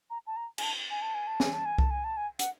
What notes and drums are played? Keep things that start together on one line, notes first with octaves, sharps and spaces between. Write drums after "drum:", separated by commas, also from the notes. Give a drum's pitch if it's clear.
A#5
A5
A#5
G#5, drum: cymbal
A5
G#5
A5
G#5
A5
G#5, drum: snare
A5
G#5
A5, drum: kick C2
G#5
A5
G#5
F#5, drum: hi-hat